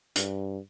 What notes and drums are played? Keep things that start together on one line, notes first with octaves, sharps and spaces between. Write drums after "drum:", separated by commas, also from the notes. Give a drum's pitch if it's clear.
G2, drum: hi-hat